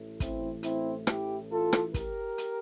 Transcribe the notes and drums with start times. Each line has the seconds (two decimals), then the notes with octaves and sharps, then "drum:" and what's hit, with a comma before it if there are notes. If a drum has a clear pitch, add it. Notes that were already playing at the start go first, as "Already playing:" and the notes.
Already playing: A1 A2 E3 A3
0.20 C4 E4, drum: kick, hi-hat
0.63 C4 E4, drum: hi-hat
1.07 E4 G4, drum: rim click
1.51 F4 A4
1.72 drum: rim click
1.94 G4 A#4, drum: kick, hi-hat
2.38 drum: hi-hat